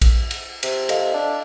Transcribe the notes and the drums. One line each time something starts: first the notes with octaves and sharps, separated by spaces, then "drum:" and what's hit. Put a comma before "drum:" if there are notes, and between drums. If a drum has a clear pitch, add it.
drum: kick A#1, cymbal
drum: cymbal
C3, drum: cymbal
A4 D#5 F5, drum: cymbal
D4